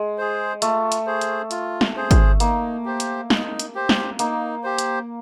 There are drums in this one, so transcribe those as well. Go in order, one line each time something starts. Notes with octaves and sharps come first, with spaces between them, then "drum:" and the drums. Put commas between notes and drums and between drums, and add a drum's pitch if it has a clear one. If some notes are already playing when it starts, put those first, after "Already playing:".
Already playing: G#3
G#4 C5
A3 F4, drum: hi-hat
drum: hi-hat
G#4 C5
drum: hi-hat
F4, drum: hi-hat
drum: snare
G#4 C5
drum: kick, hi-hat
A#3 D#4, drum: hi-hat
G4 C5
drum: hi-hat
D#4, drum: snare
drum: hi-hat
G4 C5
drum: snare
A#3 D#4, drum: hi-hat
G4 C5
drum: hi-hat